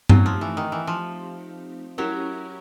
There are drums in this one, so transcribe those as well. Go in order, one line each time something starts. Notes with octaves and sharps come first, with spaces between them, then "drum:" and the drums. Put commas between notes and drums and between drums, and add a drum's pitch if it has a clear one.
F#3 A3 C4 D#4 G4, drum: tom G2
F3
E3
D#3
E3
F3
F#3 C#4 E4 G4 A#4